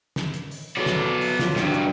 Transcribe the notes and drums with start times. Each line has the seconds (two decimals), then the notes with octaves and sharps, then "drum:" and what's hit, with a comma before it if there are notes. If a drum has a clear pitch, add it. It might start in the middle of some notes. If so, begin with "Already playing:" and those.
0.16 drum: snare
0.34 drum: hi-hat
0.51 drum: open hi-hat
0.77 F#3 B3 A4 D5
0.86 drum: snare
1.21 drum: open hi-hat
1.39 F3 F#3, drum: snare
1.56 G2 F#3 G3, drum: snare
1.74 drum: hi-hat